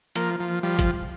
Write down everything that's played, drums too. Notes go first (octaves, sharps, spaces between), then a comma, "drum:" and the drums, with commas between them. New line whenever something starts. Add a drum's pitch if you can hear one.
F3 A#3, drum: hi-hat
F3
F3 G3
drum: kick G1, hi-hat